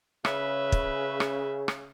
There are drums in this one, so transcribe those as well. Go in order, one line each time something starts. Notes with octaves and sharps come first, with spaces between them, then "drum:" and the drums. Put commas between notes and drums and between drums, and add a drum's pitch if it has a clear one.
C#3 B4 E5, drum: rim click
drum: kick
drum: rim click
drum: rim click